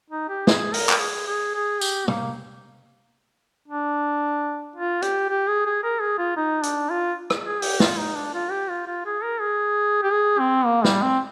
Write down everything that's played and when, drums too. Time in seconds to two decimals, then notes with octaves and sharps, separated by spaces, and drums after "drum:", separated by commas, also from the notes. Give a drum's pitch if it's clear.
0.11 D#4
0.29 G4
0.47 G#4, drum: snare
0.74 A#4, drum: open hi-hat
0.89 drum: clap
1.00 G#4
1.27 G#4
1.55 G#4
1.81 G4, drum: tambourine
2.08 A#3, drum: tom
3.68 D4
4.76 F4
5.02 G4, drum: hi-hat
5.29 G4
5.48 G#4
5.66 G#4
5.84 A#4
6.01 G#4
6.19 F4
6.37 D#4
6.63 D4, drum: hi-hat
6.90 F4
7.30 drum: rim click
7.44 G#4
7.62 G4, drum: open hi-hat
7.80 F4, drum: snare
7.98 D#4
8.16 D4
8.34 F4
8.51 G4
8.70 F4
8.87 F4
9.06 G#4
9.23 A#4
9.41 G#4
10.03 G4
10.12 G#4
10.40 C4
10.66 A#3
10.84 G3, drum: snare
11.02 C4